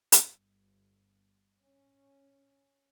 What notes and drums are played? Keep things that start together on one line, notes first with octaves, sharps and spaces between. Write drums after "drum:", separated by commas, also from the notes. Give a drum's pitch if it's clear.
drum: hi-hat
G1
C#4